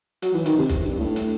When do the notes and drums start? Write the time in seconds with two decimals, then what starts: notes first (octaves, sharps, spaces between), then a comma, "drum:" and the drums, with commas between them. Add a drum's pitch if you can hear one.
0.22 F#3, drum: hi-hat
0.34 E3
0.46 D#3, drum: hi-hat
0.58 C3
0.69 drum: kick, hi-hat
0.85 G2
1.00 A2
1.16 drum: hi-hat